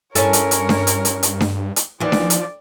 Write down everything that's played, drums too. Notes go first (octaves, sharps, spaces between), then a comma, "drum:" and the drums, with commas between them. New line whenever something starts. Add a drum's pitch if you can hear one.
G2 C#4 E4 A4 A#4 C#5, drum: hi-hat
drum: hi-hat
drum: hi-hat
drum: snare D4
drum: hi-hat
drum: hi-hat
drum: hi-hat
drum: snare D4
drum: hi-hat
D#2 E3 F3 D5
drum: snare D4
drum: hi-hat